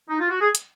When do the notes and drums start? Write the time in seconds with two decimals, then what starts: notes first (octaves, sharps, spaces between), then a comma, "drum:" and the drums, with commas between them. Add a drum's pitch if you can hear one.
0.09 D#4
0.20 F4
0.30 F#4
0.41 G#4
0.55 drum: hi-hat